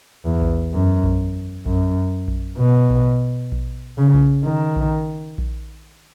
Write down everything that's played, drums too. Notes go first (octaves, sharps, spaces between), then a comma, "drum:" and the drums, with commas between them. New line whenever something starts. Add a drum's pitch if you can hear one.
E2
drum: kick A#1
F#2
drum: kick A#1
F#2, drum: kick A#1
drum: kick A#1
B2
drum: kick A#1
drum: kick A#1
C#3
drum: kick A#1
D#3
drum: kick A#1
drum: kick A#1